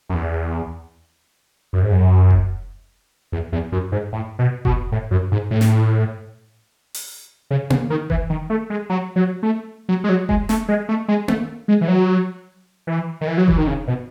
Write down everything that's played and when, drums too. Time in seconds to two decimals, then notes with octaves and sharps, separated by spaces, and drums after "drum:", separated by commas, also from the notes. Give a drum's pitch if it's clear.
0.09 F#2
0.14 E2
1.73 F#2
1.82 G#2
1.92 F#2
2.31 drum: kick F1
3.32 E2
3.52 E2
3.72 F#2
3.92 G#2
4.12 A2
4.39 B2
4.65 B2, drum: kick F1
4.92 A2
5.11 F#2
5.32 G#2
5.51 A2
5.61 drum: snare
6.94 drum: open hi-hat
7.51 C#3
7.70 C#3, drum: tom A#3
7.90 D#3
8.10 E3, drum: kick F1
8.30 D#3
8.50 A3
8.70 G#3
8.90 F#3
9.16 F#3
9.43 A3
9.89 F#3
10.04 G#3
10.09 F#3
10.29 G#3, drum: kick F1
10.49 A3, drum: snare
10.68 G#3
10.89 A3
11.08 G#3
11.28 A3, drum: tom A#3
11.68 G#3
11.81 E3
11.88 F#3
12.87 E3
13.21 D#3
13.28 E3
13.38 F#3
13.48 E3, drum: kick F1
13.58 D#3
13.67 C#3
13.88 B2